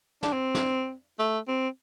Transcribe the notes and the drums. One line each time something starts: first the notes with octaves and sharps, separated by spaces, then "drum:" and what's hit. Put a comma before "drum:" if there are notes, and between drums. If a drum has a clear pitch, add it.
D4, drum: snare
C4
drum: snare
A3
C4